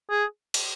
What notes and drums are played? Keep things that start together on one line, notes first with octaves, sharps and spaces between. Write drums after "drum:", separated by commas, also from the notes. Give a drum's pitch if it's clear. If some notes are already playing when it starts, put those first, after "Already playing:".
G#4
drum: cymbal